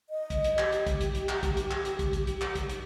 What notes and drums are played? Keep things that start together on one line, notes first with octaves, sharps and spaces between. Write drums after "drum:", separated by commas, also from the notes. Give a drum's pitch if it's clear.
D#5
drum: kick, hi-hat
drum: hi-hat
G4, drum: clap
drum: hi-hat
drum: kick, hi-hat
drum: kick, hi-hat
drum: hi-hat
drum: clap
drum: kick, hi-hat
drum: hi-hat
drum: clap
drum: hi-hat
drum: kick, hi-hat
drum: kick, hi-hat
drum: hi-hat
drum: clap
drum: kick, hi-hat
drum: hi-hat